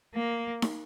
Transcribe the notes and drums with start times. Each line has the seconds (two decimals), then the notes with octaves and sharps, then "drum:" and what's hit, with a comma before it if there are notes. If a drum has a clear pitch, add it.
0.15 A#3
0.62 drum: snare D#4